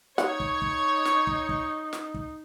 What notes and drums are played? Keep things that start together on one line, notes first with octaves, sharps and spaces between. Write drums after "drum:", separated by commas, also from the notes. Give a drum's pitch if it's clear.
D#4 C#5 F#5 C#6 G#6, drum: snare
drum: kick
drum: kick
drum: snare
drum: kick
drum: kick
drum: snare
drum: kick